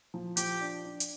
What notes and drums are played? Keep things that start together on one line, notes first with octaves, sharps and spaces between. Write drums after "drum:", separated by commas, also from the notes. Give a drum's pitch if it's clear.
F3
F3 G4, drum: hi-hat
D4
D4
drum: hi-hat